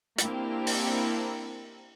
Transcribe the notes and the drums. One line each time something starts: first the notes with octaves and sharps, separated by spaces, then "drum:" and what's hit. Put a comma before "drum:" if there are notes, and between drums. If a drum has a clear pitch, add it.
A#3 C4 D4 E4 G4 A#4, drum: hi-hat
drum: open hi-hat